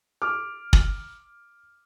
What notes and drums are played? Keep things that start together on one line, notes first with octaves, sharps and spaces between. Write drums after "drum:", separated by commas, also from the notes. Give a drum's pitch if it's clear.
D6 F6
drum: kick